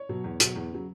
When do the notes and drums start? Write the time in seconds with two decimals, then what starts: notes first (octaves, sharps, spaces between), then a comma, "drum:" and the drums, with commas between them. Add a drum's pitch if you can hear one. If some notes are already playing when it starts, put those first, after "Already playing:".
Already playing: C#5
0.09 B2 F#3
0.24 E2
0.40 B2 F#3, drum: hi-hat
0.56 E2
0.71 C#3 F#3